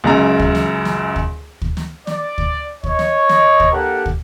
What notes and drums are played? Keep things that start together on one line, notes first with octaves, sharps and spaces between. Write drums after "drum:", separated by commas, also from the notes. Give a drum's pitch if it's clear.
C#2 F#2 A#5
drum: kick
drum: snare
drum: snare
drum: kick
drum: kick
drum: snare
D5, drum: snare
drum: kick
C#5 D#5, drum: kick
drum: snare
drum: snare
drum: kick
A#3 D4 G4 A4 A#4 F#5
drum: kick